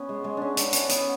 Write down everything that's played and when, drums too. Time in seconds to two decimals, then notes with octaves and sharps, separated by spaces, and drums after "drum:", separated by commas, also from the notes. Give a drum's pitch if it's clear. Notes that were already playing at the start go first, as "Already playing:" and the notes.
Already playing: B3 C#4
0.09 G#3
0.24 G#3
0.37 C#4 D4
0.57 D4, drum: hi-hat
0.73 C#4, drum: hi-hat
0.89 B3, drum: hi-hat